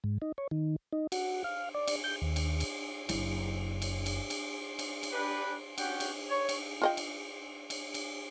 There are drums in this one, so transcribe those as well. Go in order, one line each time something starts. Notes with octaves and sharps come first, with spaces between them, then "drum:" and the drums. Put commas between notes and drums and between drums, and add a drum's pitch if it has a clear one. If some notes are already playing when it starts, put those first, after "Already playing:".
G#2
D#4
C#5
D#3
D#4
F#4, drum: cymbal
F5
D5
drum: cymbal
G6
D#2
drum: cymbal
drum: cymbal
F#1 E4, drum: cymbal
drum: cymbal
drum: cymbal
drum: cymbal
drum: cymbal
drum: cymbal
D4 G4 B4
C#4 F#4 G4 F#5 G5, drum: cymbal
drum: cymbal
C#5
drum: cymbal
F4 D#5 G5
drum: cymbal
drum: cymbal
drum: cymbal